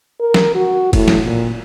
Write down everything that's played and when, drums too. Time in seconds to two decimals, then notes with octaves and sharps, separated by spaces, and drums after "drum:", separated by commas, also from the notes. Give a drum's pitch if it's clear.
0.21 A#4
0.34 drum: snare
0.55 F#4
0.93 A2, drum: kick, cymbal
1.08 drum: snare
1.26 A#2